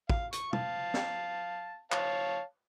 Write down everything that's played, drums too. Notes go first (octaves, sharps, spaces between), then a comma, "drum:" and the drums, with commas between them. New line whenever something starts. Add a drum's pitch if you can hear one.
F5, drum: kick
C#6, drum: hi-hat
F5 A5, drum: tom
drum: snare
C#5 F5 A5, drum: clap